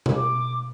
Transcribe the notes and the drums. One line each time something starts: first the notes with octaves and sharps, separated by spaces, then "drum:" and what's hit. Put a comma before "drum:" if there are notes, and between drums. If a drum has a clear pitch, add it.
drum: tom B2
D6